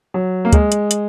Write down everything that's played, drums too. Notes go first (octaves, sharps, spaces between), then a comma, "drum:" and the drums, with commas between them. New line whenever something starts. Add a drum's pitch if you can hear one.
F#3
A#3
G#3, drum: kick, hi-hat
drum: hi-hat
drum: hi-hat